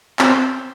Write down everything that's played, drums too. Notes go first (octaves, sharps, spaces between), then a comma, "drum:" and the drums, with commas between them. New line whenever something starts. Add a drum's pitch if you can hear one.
C4, drum: clap